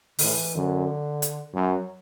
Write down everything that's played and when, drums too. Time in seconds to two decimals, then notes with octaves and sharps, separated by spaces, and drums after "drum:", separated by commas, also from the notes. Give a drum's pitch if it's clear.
0.19 D3, drum: open hi-hat
0.23 A2 E3
0.56 F#2 D3
1.22 drum: hi-hat
1.55 F#2 F#3